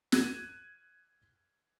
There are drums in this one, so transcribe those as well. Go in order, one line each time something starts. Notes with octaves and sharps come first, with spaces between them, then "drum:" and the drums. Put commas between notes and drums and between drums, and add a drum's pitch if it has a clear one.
F#6 G#6 D#7 E7, drum: snare